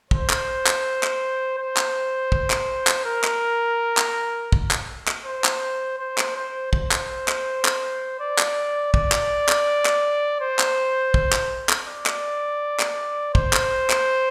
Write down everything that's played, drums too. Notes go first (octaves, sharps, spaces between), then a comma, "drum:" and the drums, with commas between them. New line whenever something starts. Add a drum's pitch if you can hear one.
C5, drum: kick
drum: clap
drum: clap
drum: clap
C5
drum: clap
drum: kick
drum: clap
drum: clap
A#4
drum: clap
drum: clap
drum: kick
drum: clap
drum: clap
C5
drum: clap
C5
drum: clap
C5
C5, drum: kick
drum: clap
drum: clap
drum: clap
D5
drum: clap
D5, drum: kick
drum: clap
drum: clap
drum: clap
C5
drum: clap
drum: kick
drum: clap
drum: clap
D5
drum: clap
drum: clap
C5, drum: kick
drum: clap
drum: clap